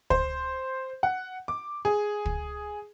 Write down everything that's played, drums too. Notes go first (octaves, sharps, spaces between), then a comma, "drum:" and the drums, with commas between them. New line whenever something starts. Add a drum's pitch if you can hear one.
C5, drum: kick
F#5
D6
G#4
drum: kick